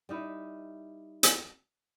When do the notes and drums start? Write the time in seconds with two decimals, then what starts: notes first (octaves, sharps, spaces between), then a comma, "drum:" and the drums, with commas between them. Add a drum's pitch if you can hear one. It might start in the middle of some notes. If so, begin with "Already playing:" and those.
0.09 G3 D#4 E4
1.23 drum: hi-hat